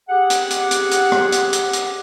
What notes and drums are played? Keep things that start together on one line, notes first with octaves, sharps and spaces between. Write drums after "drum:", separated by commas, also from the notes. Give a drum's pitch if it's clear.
G4 G#4 F#5
drum: hi-hat
drum: hi-hat
drum: hi-hat
drum: hi-hat
drum: rim click
drum: hi-hat
drum: hi-hat
drum: hi-hat